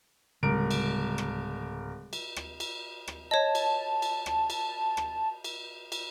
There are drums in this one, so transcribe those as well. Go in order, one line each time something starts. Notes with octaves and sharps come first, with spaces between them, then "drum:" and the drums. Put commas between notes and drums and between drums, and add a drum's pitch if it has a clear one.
D1 C#3 G3 G#3 A#4 D7
drum: cymbal
drum: rim click
drum: cymbal
drum: rim click
drum: cymbal
drum: rim click
C#5 D#5 A5
drum: cymbal
drum: cymbal
drum: rim click
drum: cymbal
drum: rim click
drum: cymbal
drum: cymbal